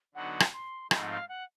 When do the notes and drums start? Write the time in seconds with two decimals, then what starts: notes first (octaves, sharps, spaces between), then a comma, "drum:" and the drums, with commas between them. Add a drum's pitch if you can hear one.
0.15 D3 F#3 B3 D#4 F#4 F#5
0.40 drum: rim click
0.53 C6
0.91 G#2 F3 A3 C4 D#4 B5, drum: rim click
1.02 F#5
1.10 F5
1.29 F#5